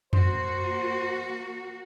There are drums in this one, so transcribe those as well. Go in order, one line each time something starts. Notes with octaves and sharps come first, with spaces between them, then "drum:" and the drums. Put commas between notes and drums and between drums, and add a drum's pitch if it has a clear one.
A#3 F#4 C5, drum: tom F2